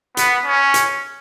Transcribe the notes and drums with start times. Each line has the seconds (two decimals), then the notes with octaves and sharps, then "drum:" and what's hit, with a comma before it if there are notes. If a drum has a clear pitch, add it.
0.17 B3, drum: hi-hat
0.46 C#4
0.74 drum: hi-hat